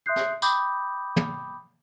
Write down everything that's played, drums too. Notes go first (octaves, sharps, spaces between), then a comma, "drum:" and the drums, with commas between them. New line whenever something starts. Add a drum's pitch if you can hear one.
E5 C6 D#6 F#6 G6 C7
drum: snare
G5 B5 D6 D#6 G6, drum: tambourine
drum: tom